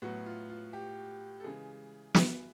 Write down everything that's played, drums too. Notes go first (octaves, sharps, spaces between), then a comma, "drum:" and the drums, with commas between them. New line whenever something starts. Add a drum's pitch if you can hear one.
A2 F#3 B3 F#4
F4
F4
G4
A4
C#3 E3 G#3 G#4
B4, drum: snare